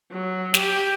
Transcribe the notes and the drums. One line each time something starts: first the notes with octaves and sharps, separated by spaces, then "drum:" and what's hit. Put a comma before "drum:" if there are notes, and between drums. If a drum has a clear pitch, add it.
F#3
G4, drum: snare